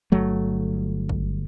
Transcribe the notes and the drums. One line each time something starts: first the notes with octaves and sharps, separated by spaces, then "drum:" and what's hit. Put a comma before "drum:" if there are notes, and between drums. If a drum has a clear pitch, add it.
G1 F#3 A3
drum: kick